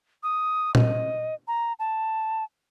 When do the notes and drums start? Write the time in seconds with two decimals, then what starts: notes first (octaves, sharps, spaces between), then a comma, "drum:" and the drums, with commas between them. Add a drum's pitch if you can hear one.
0.23 D#6
0.75 D#5, drum: tom A#2
1.48 A#5
1.79 A5